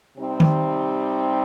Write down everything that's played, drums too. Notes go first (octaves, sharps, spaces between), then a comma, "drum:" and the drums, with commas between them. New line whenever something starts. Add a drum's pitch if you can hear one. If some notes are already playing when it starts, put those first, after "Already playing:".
C3 G3 C4 D#4
drum: tom